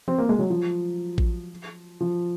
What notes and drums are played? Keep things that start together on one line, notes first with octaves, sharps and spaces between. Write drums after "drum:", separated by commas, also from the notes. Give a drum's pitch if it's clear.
C4, drum: tom E3
A#3
G#3
F#3
F3
drum: kick A1
F3